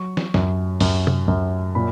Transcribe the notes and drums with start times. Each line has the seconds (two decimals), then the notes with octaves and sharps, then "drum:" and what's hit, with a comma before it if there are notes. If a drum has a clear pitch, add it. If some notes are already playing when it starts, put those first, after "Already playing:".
Already playing: F#3 C#6
0.17 drum: snare
0.34 F#2, drum: snare
0.80 F#2, drum: open hi-hat
1.07 drum: tom C3
1.28 F#2
1.75 A#2 B5